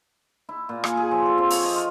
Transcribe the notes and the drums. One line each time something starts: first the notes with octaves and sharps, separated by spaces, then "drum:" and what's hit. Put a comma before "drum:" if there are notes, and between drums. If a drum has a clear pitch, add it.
E4
A#2
G#5, drum: rim click
G#4
F3
A4
C4
C#5, drum: open hi-hat
D#5
F4